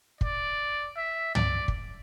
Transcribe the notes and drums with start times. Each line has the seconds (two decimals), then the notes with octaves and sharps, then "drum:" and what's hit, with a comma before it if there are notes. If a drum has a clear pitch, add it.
0.21 D5, drum: kick
0.97 E5
1.35 D5, drum: tom
1.68 drum: kick